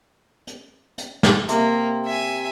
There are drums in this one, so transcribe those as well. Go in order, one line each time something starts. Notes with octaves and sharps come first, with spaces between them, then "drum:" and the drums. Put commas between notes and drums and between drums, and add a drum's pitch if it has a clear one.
drum: hi-hat
drum: hi-hat
drum: snare
C3 A#3, drum: hi-hat
E5 G#5